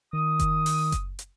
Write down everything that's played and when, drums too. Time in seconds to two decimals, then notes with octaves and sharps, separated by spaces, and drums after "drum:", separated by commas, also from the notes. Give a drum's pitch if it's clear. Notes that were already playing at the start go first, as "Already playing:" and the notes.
0.13 D#3 D#6
0.39 drum: kick F#1, hi-hat
0.66 drum: open hi-hat
0.92 drum: kick F#1, hi-hat
1.19 drum: hi-hat